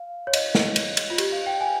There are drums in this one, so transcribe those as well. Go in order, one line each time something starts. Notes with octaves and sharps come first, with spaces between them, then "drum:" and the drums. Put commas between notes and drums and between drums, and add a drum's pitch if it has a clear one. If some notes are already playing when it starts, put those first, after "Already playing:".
Already playing: F5
C#5
D#5, drum: cymbal
drum: snare
drum: cymbal
drum: cymbal
F4
G4, drum: cymbal
F5
G5
G#5